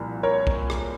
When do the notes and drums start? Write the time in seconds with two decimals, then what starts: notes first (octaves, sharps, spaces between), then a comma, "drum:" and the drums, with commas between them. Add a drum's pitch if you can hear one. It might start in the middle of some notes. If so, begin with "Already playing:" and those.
Already playing: C2 A#2 F3
0.23 A#4 C#5
0.47 drum: kick
0.70 drum: rim click